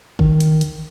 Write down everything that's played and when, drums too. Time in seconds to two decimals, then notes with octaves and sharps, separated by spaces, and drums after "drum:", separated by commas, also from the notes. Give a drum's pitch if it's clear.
0.19 D#3, drum: kick
0.40 drum: hi-hat
0.61 drum: hi-hat